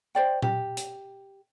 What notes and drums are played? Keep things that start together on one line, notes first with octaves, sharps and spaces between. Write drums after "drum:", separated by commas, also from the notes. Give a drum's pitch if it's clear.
C5 D5 G5
G4, drum: tom A#2
drum: hi-hat